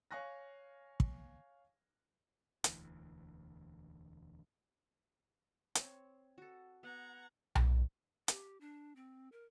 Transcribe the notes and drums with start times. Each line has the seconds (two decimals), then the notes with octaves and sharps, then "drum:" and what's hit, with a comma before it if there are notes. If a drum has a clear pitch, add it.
0.11 C#5 F5 G#5 C#6 F#6 A#6
1.00 drum: kick
2.64 E1 D2 E3, drum: hi-hat
5.75 C4 C#5, drum: hi-hat
6.38 F#4 A4
6.83 B3 F#5 A#5 G#6
7.55 drum: tom B1
8.28 G4, drum: hi-hat
8.61 D4
8.96 C4
9.32 A#4